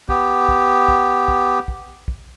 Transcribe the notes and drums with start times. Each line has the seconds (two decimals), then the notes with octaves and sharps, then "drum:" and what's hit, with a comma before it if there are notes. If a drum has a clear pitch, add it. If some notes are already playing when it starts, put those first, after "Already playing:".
0.09 B3 G4, drum: kick
0.49 drum: kick
0.88 drum: kick
1.28 drum: kick
1.68 drum: kick
2.08 drum: kick